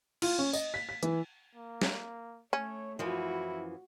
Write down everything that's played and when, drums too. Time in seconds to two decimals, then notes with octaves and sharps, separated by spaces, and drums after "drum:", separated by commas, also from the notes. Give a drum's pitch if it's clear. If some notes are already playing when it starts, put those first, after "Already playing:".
0.22 F4, drum: cymbal
0.39 C#4
0.53 D#5, drum: tambourine
0.74 B6
0.89 B6
1.03 E3, drum: hi-hat
1.56 A#3
1.82 drum: snare
2.53 A3 C#4 C#5
2.99 F#2 E3 F3 E4 F#4